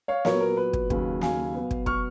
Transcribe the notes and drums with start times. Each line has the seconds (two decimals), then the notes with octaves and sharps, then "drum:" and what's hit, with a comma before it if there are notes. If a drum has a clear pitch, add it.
0.08 C#5 F5
0.25 A#2 F#3 B3 A#4 C#5, drum: snare
0.40 A#4
0.57 B4
0.73 drum: kick
0.90 D#2 C#3 F#3, drum: kick
1.21 F5 G#5, drum: snare
1.54 B2 F#3 B3
1.71 drum: kick
1.86 C#6 F6, drum: kick